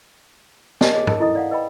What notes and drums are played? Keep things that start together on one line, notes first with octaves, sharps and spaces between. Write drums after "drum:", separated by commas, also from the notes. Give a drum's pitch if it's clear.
A#4 D#5 G#5 A5, drum: snare
G#4 C#5 D#5
D#4 A#4 D#5 A5, drum: tom
C#4 E4 A4 D#5 D#6
D5 F5 F#5
B4 D#5 G5 B5